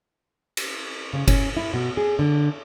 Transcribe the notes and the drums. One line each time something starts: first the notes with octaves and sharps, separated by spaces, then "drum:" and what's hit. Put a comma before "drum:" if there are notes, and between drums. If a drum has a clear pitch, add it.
drum: cymbal
C#3
C#4, drum: kick F#1, cymbal
E4
B2
G#4
D3